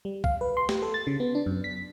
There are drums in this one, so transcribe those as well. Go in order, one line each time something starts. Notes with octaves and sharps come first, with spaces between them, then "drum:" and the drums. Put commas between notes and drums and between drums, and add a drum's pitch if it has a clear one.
G3
F5, drum: kick
B4
C6
G4, drum: snare
A4
A6
C#3
B3
D4
F#2
B6